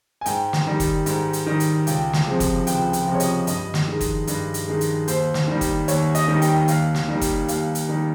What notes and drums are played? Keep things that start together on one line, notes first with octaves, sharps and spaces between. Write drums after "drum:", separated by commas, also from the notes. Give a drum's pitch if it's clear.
G#5
G#2 G5, drum: hi-hat
drum: snare
D#3 G3
drum: kick F#1, hi-hat
G#2, drum: hi-hat
drum: hi-hat
D#3 G3
drum: hi-hat
C#2 G5, drum: hi-hat
drum: snare
C3 F3 G#3
drum: kick F#1, hi-hat
C#2 G5, drum: hi-hat
G5, drum: hi-hat
C3 F3 G#3
C#5
D#5, drum: hi-hat
G2 D#5, drum: hi-hat
drum: snare
D#3 G#3
drum: kick F#1, hi-hat
G2, drum: hi-hat
drum: hi-hat
D#3 G#3
drum: hi-hat
D#2 C5, drum: hi-hat
drum: snare
D#3 G3
drum: kick F#1, hi-hat
D#2 C#5, drum: hi-hat
D#5, drum: hi-hat
D#3 G3
G5, drum: hi-hat
D#2 F5, drum: hi-hat
drum: snare
D#3 G3
drum: kick F#1, hi-hat
D#2 F5, drum: hi-hat
drum: hi-hat
D#3 G3